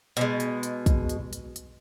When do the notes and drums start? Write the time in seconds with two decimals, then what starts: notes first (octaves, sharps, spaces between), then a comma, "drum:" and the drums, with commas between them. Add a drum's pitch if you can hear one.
0.17 B2 G#3, drum: hi-hat
0.40 drum: hi-hat
0.63 drum: hi-hat
0.86 drum: kick, hi-hat
1.09 drum: hi-hat
1.33 drum: hi-hat
1.56 drum: hi-hat